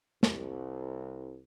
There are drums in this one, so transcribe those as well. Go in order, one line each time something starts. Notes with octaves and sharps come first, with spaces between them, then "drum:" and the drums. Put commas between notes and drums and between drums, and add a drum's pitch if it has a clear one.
C2, drum: snare